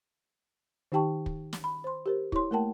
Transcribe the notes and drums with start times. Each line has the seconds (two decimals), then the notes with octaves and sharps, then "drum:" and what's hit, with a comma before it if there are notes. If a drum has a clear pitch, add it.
0.92 D#3 D#4 G4 G5 A5 C#6
1.26 drum: kick
1.53 drum: snare
1.64 B5
1.84 C5 C6
2.06 G4 A#4 C5
2.32 E4 G4 C#5 C6, drum: kick
2.51 A3 A#3 A#4 F#5 G5 A5